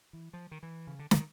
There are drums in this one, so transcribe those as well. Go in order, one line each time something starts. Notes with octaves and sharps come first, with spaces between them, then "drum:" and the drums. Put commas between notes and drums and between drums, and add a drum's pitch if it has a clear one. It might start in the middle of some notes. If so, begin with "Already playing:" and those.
E3
F3
D#3
E3
C#3
D3
D#3, drum: snare